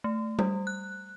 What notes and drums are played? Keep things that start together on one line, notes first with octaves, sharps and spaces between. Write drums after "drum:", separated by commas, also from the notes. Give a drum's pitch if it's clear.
A3
G3, drum: tom F#3
F#6